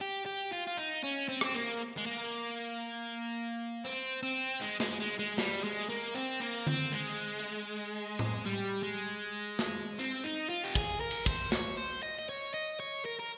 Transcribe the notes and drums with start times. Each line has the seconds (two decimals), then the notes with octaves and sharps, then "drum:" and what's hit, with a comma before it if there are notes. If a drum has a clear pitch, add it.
0.01 G4
0.26 G4
0.53 F4
0.68 F4
0.77 D#4
1.03 C#4
1.29 C4
1.41 drum: rim click
1.54 A#3
1.98 G#3
2.06 A#3
3.84 C4
4.23 C4
4.61 G#3
4.80 G#3, drum: snare
5.00 G#3
5.19 G#3
5.38 G3, drum: snare
5.64 G#3
5.89 A#3
6.14 C4
6.40 A#3
6.67 C4, drum: tom D3
6.92 G#3
7.39 drum: hi-hat
8.19 drum: tom A2
8.46 G3
8.83 G#3
9.59 drum: snare
9.99 C4
10.24 D#4
10.50 F4
10.64 G4
10.75 G#4, drum: kick
11.00 A#4
11.11 drum: cymbal
11.26 C5, drum: kick
11.52 C#5, drum: snare
11.77 C5
12.03 D#5
12.19 D#5
12.29 C#5
12.54 D#5
12.80 C#5
13.05 A#4
13.20 A#4